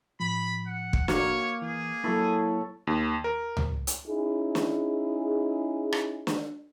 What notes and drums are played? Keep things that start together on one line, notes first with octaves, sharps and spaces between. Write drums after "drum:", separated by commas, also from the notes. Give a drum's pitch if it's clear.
A2 F3 B5
F#5
drum: kick
A#3 F#4 C#5 F5, drum: snare
E3 G#4
F#3 A#3 E4 A4 C#5 B5
D#2
A#4
drum: tom C#2
drum: hi-hat
C#4 D#4 E4 G#4
drum: snare
drum: rim click
drum: snare